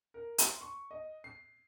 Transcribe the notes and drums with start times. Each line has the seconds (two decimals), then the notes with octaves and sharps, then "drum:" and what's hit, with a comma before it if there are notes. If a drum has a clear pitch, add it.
0.14 A#4
0.38 C6, drum: hi-hat
0.61 C#6
0.91 D#5
1.24 C7